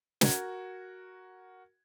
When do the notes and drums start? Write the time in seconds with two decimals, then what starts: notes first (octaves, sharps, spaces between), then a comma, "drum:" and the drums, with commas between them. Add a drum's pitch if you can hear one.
0.21 F#4 A#4 G#6, drum: snare